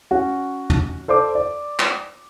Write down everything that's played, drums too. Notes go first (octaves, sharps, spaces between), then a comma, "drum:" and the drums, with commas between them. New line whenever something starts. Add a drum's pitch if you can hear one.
C#4 F#4
drum: tom
A4 C5 D5 D6
D5
drum: clap